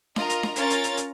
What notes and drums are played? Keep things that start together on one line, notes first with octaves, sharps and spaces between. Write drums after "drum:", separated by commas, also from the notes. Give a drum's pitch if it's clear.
F4 A#4 D#5 A#5, drum: snare D4
drum: hi-hat
drum: snare D4
C#4 F4 A#4 C#5 A#5 A6, drum: hi-hat
drum: hi-hat
drum: hi-hat
drum: hi-hat